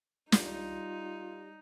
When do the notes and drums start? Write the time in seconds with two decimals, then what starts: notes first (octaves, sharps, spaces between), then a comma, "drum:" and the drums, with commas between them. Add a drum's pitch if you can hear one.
0.32 G3 D#4 F4, drum: snare